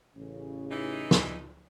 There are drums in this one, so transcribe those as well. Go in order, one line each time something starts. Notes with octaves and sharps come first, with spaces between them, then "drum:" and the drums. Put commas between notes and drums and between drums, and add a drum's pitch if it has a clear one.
A1 C#3
E3 D#4
drum: snare